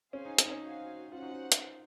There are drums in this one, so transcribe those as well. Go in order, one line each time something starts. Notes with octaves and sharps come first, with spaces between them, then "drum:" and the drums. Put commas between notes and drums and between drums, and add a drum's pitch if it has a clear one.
C#4 G#4 C5 F5 G#5
D#4
C#4, drum: hi-hat
D#4
C#4
F#4 C5 F5 G#5
C#4 F4 F#4 C5 F#5
D#4
F4
drum: hi-hat